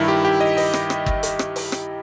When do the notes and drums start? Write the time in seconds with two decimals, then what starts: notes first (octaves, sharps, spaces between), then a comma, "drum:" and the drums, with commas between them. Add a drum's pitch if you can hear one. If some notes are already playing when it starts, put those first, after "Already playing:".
Already playing: G2 D#3 E4
0.08 G4
0.25 G4
0.41 D#5
0.57 D#5, drum: open hi-hat
0.73 drum: rim click
0.90 drum: rim click
1.06 drum: kick
1.23 drum: hi-hat
1.39 drum: rim click
1.56 drum: open hi-hat
1.72 drum: rim click